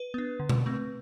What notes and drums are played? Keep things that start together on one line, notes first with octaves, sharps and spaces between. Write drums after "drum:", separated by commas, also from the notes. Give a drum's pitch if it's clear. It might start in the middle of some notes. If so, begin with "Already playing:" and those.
Already playing: B4
B3 D4
D3
drum: tom B2
A3 C4